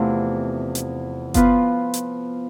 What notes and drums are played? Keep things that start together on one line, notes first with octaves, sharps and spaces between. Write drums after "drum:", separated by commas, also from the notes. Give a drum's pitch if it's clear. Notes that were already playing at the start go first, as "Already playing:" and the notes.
Already playing: E2 C3 F3 A3 E4
drum: hi-hat
F3 B3 F4 B4, drum: kick F#1, hi-hat
drum: hi-hat